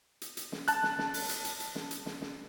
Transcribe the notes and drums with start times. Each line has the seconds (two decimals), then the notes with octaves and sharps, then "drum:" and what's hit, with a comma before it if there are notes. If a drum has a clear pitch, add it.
0.21 drum: hi-hat
0.37 drum: hi-hat
0.52 drum: snare
0.68 A5 F#6, drum: hi-hat
0.83 drum: snare
0.98 drum: snare
1.14 drum: open hi-hat
1.29 drum: hi-hat
1.45 drum: hi-hat
1.60 drum: hi-hat
1.75 drum: snare
1.91 drum: hi-hat
2.06 drum: snare
2.21 drum: snare